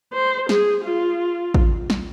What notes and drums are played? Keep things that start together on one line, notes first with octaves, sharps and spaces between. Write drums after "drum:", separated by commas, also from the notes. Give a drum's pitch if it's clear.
C5
G#4, drum: snare
F4
drum: kick
drum: snare